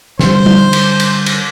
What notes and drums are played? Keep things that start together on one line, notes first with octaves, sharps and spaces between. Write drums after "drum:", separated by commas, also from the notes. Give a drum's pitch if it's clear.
D3 G3 C5, drum: snare
drum: tom G3
drum: cymbal
drum: cymbal
drum: cymbal